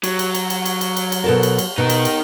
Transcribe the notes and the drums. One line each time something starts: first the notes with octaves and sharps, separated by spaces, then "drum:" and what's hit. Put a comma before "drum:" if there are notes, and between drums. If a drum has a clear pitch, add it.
F#3, drum: cymbal
drum: cymbal
drum: cymbal
drum: cymbal
drum: cymbal
drum: cymbal
drum: cymbal
drum: cymbal
B2 A4 A#4
drum: cymbal
drum: cymbal
B2 D#4 A#4
drum: cymbal
drum: cymbal